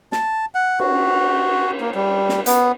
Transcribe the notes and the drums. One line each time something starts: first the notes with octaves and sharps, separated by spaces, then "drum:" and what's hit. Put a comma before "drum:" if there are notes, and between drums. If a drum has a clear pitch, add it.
A5, drum: snare
F#5
F#4, drum: cymbal
A#3
G3
drum: snare
B3, drum: hi-hat